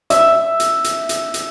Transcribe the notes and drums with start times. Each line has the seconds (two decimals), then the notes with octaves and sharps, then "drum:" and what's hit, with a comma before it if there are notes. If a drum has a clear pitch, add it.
0.10 E5, drum: hi-hat
0.60 drum: hi-hat
0.84 drum: hi-hat
1.09 drum: hi-hat
1.34 drum: hi-hat